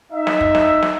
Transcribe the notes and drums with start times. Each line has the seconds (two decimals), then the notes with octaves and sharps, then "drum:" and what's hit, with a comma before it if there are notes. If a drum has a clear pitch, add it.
0.13 D#4 E5
0.27 drum: snare
0.41 drum: kick
0.55 drum: snare
0.83 drum: snare